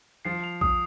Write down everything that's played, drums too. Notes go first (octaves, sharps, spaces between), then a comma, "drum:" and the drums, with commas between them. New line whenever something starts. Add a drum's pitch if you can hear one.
F3 C7
F7
D#6, drum: kick A#1